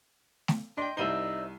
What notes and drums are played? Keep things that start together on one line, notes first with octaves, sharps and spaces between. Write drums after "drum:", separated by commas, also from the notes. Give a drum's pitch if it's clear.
drum: snare A3
D4 D#5 G5 C6
C2 D#4 C5 D5 E5 D#7 G7